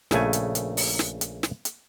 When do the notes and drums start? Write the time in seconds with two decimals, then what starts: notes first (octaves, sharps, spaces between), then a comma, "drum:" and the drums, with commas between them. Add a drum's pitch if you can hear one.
0.11 A#1 C#3 A3 G#5, drum: snare
0.33 drum: hi-hat
0.55 drum: hi-hat
0.77 drum: open hi-hat
0.99 drum: snare
1.21 drum: hi-hat
1.43 drum: snare
1.65 drum: hi-hat